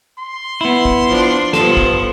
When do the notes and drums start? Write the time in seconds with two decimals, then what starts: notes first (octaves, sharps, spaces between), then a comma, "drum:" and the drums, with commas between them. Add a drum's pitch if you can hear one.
0.19 C6
0.61 B3 E4
0.85 drum: kick
1.08 F3 D4
1.53 G2 F3 B3 A4, drum: snare
1.77 drum: kick